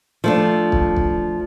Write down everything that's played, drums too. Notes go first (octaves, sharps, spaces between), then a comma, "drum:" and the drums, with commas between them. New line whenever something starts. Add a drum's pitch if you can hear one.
F3 A3 D4
drum: kick
drum: kick